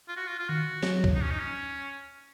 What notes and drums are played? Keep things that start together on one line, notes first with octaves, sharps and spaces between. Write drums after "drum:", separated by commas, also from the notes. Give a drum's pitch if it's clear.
F4
F#4
F4
F4
D#3 F#4
F#3, drum: snare
drum: kick D2
D#4
C#4
D#4
C#4